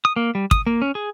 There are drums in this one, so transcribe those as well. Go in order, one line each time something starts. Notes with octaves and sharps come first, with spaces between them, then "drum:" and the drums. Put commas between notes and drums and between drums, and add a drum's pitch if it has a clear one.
D#6
A#3
G3
D#6, drum: kick
A#3
C#4
G#4